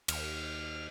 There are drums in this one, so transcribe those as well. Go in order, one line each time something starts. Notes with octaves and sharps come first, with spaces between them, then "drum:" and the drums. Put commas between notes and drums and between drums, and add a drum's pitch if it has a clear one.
D#2 F6, drum: cymbal